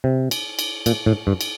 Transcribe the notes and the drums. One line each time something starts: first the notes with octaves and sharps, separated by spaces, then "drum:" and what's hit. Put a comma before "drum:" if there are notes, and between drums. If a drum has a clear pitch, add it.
C3
drum: cymbal
drum: cymbal
A#2, drum: cymbal
A2
G2
drum: cymbal